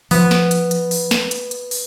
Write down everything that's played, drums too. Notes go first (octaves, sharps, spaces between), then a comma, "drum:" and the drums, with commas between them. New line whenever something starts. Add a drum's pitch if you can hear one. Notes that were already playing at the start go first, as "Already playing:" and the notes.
F3 B3, drum: open hi-hat
drum: snare
drum: hi-hat
drum: hi-hat
drum: open hi-hat
drum: snare
drum: hi-hat
drum: hi-hat
drum: open hi-hat